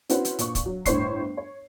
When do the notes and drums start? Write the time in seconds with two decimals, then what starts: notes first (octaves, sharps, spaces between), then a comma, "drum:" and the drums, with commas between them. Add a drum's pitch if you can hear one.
0.09 C4 C#4 E4 F#4 B4 C5, drum: hi-hat
0.25 drum: hi-hat
0.39 A#2 C#6, drum: hi-hat
0.55 drum: kick, hi-hat
0.66 F#3
0.86 G1 A2 C5 C#5 C#6 C7, drum: kick, hi-hat
1.37 C#5